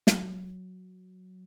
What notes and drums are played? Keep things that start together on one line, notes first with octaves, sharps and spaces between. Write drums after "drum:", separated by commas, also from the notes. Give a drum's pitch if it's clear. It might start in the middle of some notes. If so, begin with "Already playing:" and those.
F#3, drum: snare